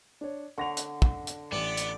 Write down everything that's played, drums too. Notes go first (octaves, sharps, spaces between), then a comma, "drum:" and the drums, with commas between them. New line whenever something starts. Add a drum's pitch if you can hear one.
D4 C#5
D3 C#6 A#6 F7
drum: hi-hat
drum: kick
drum: hi-hat
A1 B3 D5 E7
drum: hi-hat